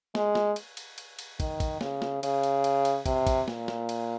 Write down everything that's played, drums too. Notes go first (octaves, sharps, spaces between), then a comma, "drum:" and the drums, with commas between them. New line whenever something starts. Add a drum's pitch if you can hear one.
G#3, drum: snare
drum: snare
drum: cymbal
drum: cymbal
drum: cymbal
drum: cymbal
D#3, drum: kick, cymbal
drum: kick, cymbal
C#3, drum: snare
drum: snare
C#3, drum: cymbal
drum: cymbal
drum: cymbal
drum: cymbal
C3, drum: kick, cymbal
drum: kick, cymbal
A#2, drum: snare
drum: snare
drum: cymbal